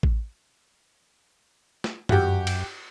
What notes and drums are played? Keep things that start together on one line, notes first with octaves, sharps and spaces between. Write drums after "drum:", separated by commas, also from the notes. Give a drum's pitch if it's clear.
drum: kick A1
drum: snare
F#2 F#4 G4, drum: tom G2
drum: cymbal